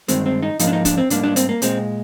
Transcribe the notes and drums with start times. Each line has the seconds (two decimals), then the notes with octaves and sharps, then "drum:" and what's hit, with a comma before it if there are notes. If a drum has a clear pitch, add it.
0.08 G2 D#3 G#3 C4, drum: hi-hat
0.26 C4
0.43 D#4
0.59 G#2 F3 A#3 D#4, drum: hi-hat
0.67 D4
0.73 D#4
0.85 D4, drum: kick, hi-hat
0.98 C4
1.10 G#2 G3 A#3 D4, drum: hi-hat
1.24 D4
1.36 C4, drum: hi-hat
1.49 A#3
1.62 A#2 G#3 C4, drum: hi-hat